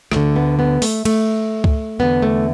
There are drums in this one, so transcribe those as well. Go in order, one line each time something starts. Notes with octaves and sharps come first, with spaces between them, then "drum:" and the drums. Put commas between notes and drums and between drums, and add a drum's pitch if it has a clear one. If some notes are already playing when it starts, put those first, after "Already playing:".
D2 D3 A3, drum: rim click
B3
B3
A3, drum: open hi-hat
A3, drum: cymbal
drum: kick C#2
E2 D3 B3
A3